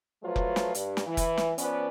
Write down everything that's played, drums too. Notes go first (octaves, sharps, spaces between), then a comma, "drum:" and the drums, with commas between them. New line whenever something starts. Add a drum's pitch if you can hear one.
F3 F#3 A3 F4 B4
drum: kick F1
drum: snare
G2, drum: hi-hat
drum: snare
E3
drum: kick F1, hi-hat
drum: snare
F3 B3 C#4 B4 D5, drum: hi-hat